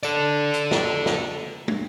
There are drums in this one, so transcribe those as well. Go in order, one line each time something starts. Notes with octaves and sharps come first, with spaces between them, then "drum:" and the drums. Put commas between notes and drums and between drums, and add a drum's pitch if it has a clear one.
A4 D5, drum: tambourine
drum: hi-hat
drum: snare
drum: snare
drum: tom